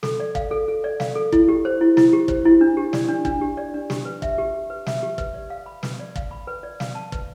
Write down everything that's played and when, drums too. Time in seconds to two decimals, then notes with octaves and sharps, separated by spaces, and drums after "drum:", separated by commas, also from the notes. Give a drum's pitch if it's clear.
0.03 A4, drum: snare
0.20 D5
0.35 F5, drum: kick
0.51 A4
0.68 A4
0.84 D5
1.00 F5, drum: snare
1.15 A4
1.32 E4, drum: kick
1.49 G4
1.65 C5
1.81 E4
1.97 E4, drum: snare
2.13 G4
2.28 C5, drum: kick
2.45 E4
2.61 D4
2.77 G4
2.93 D5, drum: snare
3.09 D4
3.25 D4, drum: kick
3.41 G4
3.57 D5
3.74 D4
3.90 G4, drum: snare
4.05 B4
4.22 E5, drum: kick
4.38 G4
4.54 G4
4.70 B4
4.87 E5, drum: snare
5.03 G4
5.18 B4, drum: kick
5.34 D5
5.50 F5
5.66 B5
5.83 B4, drum: snare
5.99 D5
6.16 F5, drum: kick
6.31 B5
6.47 B4
6.63 D5
6.80 F5, drum: snare
6.95 A5
7.12 B4, drum: kick